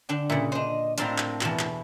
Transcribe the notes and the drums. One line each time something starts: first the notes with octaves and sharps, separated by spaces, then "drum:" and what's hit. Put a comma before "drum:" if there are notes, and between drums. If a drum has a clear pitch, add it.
D3 D4 G5
A#2 C#3 E4
D4 C5 D#5
A2 C4 D4 F4 A4 A#4, drum: hi-hat
drum: clap
E2 B2 A5, drum: clap
drum: clap